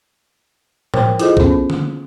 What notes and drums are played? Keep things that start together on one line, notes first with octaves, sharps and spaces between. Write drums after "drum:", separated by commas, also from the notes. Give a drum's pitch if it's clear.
A#4 C5 C#5 G5 D6, drum: tom
E4 F4 G#4 A4 C5 D#5, drum: hi-hat
B3 C#4 A4 C5, drum: kick B1
drum: tom D3